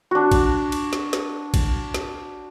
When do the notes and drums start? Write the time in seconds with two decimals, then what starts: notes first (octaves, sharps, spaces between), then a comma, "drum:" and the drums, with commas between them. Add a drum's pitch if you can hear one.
0.11 D4 F#4
0.32 drum: kick A1, cymbal
0.72 drum: cymbal
0.93 drum: snare
1.13 drum: snare
1.54 drum: kick A1, cymbal
1.94 drum: snare